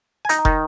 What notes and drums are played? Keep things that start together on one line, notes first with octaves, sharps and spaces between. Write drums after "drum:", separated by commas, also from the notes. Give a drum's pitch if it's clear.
G#5
D#4 A#5, drum: hi-hat
D#3, drum: kick